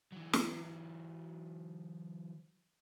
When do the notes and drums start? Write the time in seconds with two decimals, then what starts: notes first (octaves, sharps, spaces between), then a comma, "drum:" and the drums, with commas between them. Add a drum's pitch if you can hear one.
0.12 E3 F#3
0.33 drum: snare